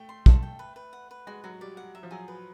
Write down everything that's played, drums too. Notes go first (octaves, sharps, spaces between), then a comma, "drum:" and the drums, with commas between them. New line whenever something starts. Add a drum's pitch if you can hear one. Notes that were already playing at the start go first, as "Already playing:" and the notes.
Already playing: A3 G5
C6
A4, drum: kick
G5
B4
B4
F#5
B4
G#3 F#4
F#3 F#4
G3 D5
G3 F#5
F#3 E5
F3
F#3 G#4
B4